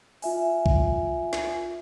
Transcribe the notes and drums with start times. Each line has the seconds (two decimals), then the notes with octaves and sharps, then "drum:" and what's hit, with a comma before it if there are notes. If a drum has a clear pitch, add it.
0.22 F4 E5 G#5, drum: open hi-hat
0.66 drum: kick B1
1.33 drum: snare